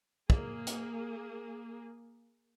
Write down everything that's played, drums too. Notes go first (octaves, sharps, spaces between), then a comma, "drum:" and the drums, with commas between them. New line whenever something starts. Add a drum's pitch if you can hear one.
A#3 G#4, drum: kick
drum: hi-hat